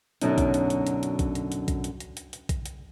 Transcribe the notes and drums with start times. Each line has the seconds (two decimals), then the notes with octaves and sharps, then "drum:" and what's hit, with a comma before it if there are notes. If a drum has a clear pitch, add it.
0.21 F#2 B2 D3 F#3 C#4 D#4, drum: hi-hat
0.38 drum: kick A#1, hi-hat
0.54 drum: hi-hat
0.70 drum: hi-hat
0.87 drum: hi-hat
1.03 drum: hi-hat
1.19 drum: kick A#1, hi-hat
1.35 drum: hi-hat
1.52 drum: hi-hat
1.68 drum: kick A#1, hi-hat
1.84 drum: hi-hat
2.00 drum: hi-hat
2.17 drum: hi-hat
2.33 drum: hi-hat
2.49 drum: kick A#1, hi-hat
2.66 drum: hi-hat